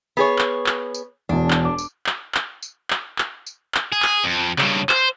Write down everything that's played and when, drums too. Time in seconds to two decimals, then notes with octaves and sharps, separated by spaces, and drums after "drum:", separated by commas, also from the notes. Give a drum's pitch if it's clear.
0.17 B3 G#4 C#5
0.38 drum: clap
0.66 drum: clap
0.94 drum: tambourine
1.29 E1 E2 D4
1.50 drum: clap
1.65 D6
1.78 drum: tambourine
2.06 drum: clap
2.34 drum: clap
2.62 drum: tambourine
2.90 drum: clap
3.18 drum: clap
3.46 drum: tambourine
3.74 drum: clap
3.92 G#4
4.02 drum: clap
4.24 F2
4.58 G2 C#3, drum: clap
4.89 C5, drum: clap